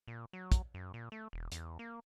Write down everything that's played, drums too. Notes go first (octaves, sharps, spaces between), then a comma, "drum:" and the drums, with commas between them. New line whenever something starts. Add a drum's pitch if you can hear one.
A#2
F#3
drum: kick, hi-hat
F#2
A#2
A3
E1
E2, drum: hi-hat
A#3